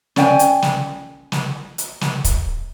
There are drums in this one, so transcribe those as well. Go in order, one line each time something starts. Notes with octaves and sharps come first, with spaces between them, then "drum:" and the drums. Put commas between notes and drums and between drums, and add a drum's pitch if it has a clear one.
C#4 D5 G5 G#5, drum: snare
drum: hi-hat
drum: snare
drum: snare
drum: hi-hat
drum: snare
drum: kick, hi-hat